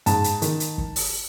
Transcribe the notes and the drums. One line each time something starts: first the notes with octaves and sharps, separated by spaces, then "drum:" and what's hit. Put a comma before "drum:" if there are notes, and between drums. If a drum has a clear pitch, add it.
G#2 A5, drum: hi-hat
drum: hi-hat
D#3, drum: hi-hat
drum: hi-hat
drum: kick
drum: open hi-hat